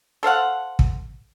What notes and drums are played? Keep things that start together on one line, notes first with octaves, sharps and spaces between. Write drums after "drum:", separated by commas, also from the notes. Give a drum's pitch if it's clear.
A4 C5 F5 F#5
drum: kick